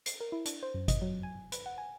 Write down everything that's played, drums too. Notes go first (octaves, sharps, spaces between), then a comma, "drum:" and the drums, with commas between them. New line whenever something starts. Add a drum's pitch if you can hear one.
C7, drum: hi-hat
A#4
E4
D4, drum: hi-hat
C5
F#2
D#5, drum: kick G1, hi-hat
F#3
G#5
B4, drum: hi-hat
F#5
G#5